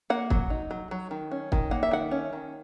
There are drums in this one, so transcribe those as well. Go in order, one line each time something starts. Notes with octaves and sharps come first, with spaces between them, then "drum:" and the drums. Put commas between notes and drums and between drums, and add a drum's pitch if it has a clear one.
A#3 F#5
F#3, drum: kick
D#4
F#3
F#3
D#3
C#4
D#3, drum: kick
A#3 F#5
E5
D#3 F#5
C#4
D#3